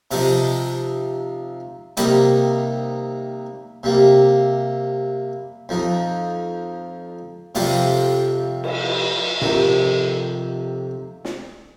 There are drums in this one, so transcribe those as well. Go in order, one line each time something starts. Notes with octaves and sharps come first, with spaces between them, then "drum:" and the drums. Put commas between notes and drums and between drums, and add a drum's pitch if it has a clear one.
C3 F3 D#4, drum: open hi-hat
C3 D#3 G3 A#3 D#4, drum: hi-hat
C3 G3 A#3
F2 F3 D#4
F2 C3 G3 C4 F4, drum: open hi-hat
drum: cymbal
F2 C3 D#3, drum: tom A2
drum: snare